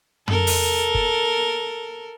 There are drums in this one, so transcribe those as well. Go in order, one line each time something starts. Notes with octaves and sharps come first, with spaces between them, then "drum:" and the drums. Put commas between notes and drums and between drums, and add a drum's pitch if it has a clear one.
A4 A#4, drum: tom
drum: open hi-hat
drum: kick F#1